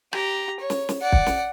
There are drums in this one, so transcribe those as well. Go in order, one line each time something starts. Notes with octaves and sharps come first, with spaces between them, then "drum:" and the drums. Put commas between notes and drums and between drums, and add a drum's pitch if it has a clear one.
G4 A#5, drum: rim click
C#5
drum: snare
drum: snare
D5 F#5
drum: kick
drum: snare